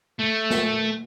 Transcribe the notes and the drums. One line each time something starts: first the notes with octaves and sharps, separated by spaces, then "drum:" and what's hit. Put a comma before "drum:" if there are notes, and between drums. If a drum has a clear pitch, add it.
A3
drum: snare